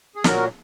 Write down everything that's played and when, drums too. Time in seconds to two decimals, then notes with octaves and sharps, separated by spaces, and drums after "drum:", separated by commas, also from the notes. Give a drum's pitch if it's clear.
0.15 G#4
0.24 A#2 F#3 F#4 A#4, drum: snare